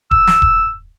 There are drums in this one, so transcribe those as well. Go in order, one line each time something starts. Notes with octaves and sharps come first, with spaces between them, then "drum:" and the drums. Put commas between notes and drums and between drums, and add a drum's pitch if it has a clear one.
E6, drum: kick D#1
drum: snare
drum: kick D#1